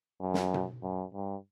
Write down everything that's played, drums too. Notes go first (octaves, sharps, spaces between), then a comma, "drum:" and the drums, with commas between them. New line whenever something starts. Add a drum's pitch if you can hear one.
F#2
drum: snare
drum: tom B2
F#2
G2